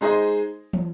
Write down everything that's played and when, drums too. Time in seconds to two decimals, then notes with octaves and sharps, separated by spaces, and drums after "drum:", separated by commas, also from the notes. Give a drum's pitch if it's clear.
0.01 G#3 D#4 G#4 C5 D#5
0.73 drum: tom